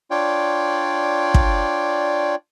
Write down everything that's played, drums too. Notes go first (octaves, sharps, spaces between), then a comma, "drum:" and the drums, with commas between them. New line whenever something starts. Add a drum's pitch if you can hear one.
D4 F4 C#5 D5 G5
drum: kick